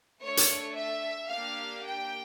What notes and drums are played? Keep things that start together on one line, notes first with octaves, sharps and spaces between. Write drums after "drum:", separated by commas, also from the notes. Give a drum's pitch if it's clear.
A3 D4 A4 C#5
drum: hi-hat
E5
A#3 D4 G4 F5
G5